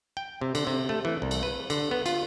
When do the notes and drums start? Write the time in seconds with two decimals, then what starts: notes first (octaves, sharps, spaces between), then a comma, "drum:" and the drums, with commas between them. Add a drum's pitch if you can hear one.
0.17 G5
0.41 C3
0.55 D3, drum: cymbal
0.67 C3
0.89 A3
1.05 E3
1.22 C2
1.31 drum: cymbal
1.43 B4
1.70 D3, drum: cymbal
1.91 B3
2.06 F4, drum: cymbal